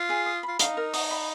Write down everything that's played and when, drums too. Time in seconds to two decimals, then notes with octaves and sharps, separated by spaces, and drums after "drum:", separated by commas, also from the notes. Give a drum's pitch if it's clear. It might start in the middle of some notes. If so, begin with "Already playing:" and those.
Already playing: F4
0.09 G#4
0.26 D#6
0.43 B5
0.48 F4
0.59 D#4 F5, drum: hi-hat
0.77 A#4
0.94 D#6, drum: open hi-hat
1.11 B5